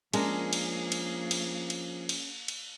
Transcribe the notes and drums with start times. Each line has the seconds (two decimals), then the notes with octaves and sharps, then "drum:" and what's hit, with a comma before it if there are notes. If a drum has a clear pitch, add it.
0.13 F3 G#3 A#3 C#4 D4 G#4 A#4, drum: cymbal
0.53 drum: cymbal
0.92 drum: cymbal
1.31 drum: cymbal
1.70 drum: cymbal
2.09 drum: cymbal
2.48 drum: cymbal